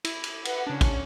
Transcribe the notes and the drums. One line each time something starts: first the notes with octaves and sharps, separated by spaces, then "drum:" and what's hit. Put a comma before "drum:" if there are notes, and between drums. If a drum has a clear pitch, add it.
E4, drum: cymbal
drum: cymbal
B4 F#5, drum: cymbal
C#3 C#4 D4
drum: kick, cymbal